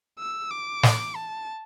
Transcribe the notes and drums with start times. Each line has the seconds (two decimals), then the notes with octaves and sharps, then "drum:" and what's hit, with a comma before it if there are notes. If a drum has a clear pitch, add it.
0.19 E6
0.51 D6
0.83 drum: snare
1.15 A5